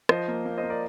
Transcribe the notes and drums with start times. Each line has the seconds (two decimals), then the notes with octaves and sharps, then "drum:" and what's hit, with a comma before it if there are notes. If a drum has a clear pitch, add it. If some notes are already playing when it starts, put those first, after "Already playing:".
0.09 F3 C5 D#5, drum: rim click
0.28 A#3
0.45 A#3
0.58 C5 D#5
0.63 A#3
0.70 A#4 D5